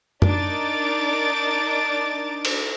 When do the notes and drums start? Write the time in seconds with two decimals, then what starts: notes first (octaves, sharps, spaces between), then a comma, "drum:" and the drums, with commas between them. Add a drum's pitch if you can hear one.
0.22 D4 D#4 A#4 D6 A6, drum: tom
2.45 drum: cymbal